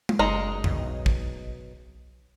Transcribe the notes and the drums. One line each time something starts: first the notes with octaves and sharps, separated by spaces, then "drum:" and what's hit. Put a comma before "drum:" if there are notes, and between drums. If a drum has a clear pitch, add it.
drum: tom
F#1 G#3 D#4 A#5
B1, drum: tom F2
drum: kick